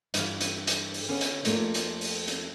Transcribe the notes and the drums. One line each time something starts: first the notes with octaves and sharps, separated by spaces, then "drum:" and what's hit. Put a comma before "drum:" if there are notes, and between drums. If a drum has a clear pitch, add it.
G2 E3 F5, drum: hi-hat
drum: hi-hat
drum: hi-hat
drum: open hi-hat
D3 B3 C#4 G#4 B4 F5
drum: hi-hat
F2 A3 A#3 C5 D5, drum: hi-hat
drum: hi-hat
drum: open hi-hat
drum: hi-hat